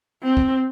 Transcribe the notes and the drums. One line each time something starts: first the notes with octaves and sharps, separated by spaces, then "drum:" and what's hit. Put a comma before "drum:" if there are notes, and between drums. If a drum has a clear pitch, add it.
C4
drum: kick